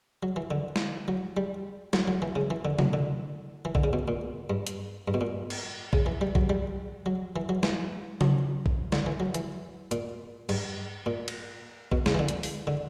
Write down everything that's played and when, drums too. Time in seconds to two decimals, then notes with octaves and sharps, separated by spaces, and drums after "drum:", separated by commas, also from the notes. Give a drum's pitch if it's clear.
0.23 F#3
0.36 E3
0.51 D3
0.76 drum: snare
1.08 F#3
1.37 G3
1.93 F#3, drum: snare
2.08 F#3
2.22 E3
2.36 C#3
2.50 E3
2.65 D3
2.79 F#3, drum: tom C3
2.93 D3
3.65 E3
3.75 D3, drum: kick
3.84 C#3
3.93 B2
4.08 A#2
4.50 G2
4.67 drum: hi-hat
5.08 G2
5.14 B2
5.21 A#2
5.50 drum: cymbal
5.93 C#3, drum: kick
6.06 E3
6.21 G3
6.35 F#3, drum: kick
6.49 G3
7.06 F#3
7.36 E3
7.49 F#3
7.63 E3, drum: snare
8.21 F#3, drum: tom C#3
8.66 drum: kick
8.92 D3, drum: snare
9.06 E3
9.20 F#3
9.34 E3, drum: hi-hat
9.91 A#2, drum: hi-hat
10.49 G2, drum: cymbal
11.06 A#2
11.28 drum: cymbal
11.92 B2, drum: kick
12.06 C#3, drum: snare
12.15 E3
12.19 D3
12.28 drum: hi-hat
12.43 drum: open hi-hat
12.67 D3